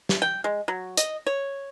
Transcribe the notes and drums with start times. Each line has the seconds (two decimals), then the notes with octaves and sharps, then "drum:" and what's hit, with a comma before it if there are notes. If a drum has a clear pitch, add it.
0.09 drum: snare
0.22 G5
0.44 G#3
0.68 F#3
0.97 D#5, drum: hi-hat
1.27 C#5